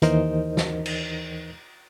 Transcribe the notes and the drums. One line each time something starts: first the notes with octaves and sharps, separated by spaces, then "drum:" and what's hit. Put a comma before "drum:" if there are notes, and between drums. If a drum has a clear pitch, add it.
D#2 E3 D#4 A#4 C5 D#5, drum: hi-hat
drum: snare
drum: cymbal